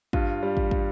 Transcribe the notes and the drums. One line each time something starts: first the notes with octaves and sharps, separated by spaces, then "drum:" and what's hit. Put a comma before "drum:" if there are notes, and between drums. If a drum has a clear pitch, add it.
G2 F4, drum: kick
G3
drum: kick
drum: kick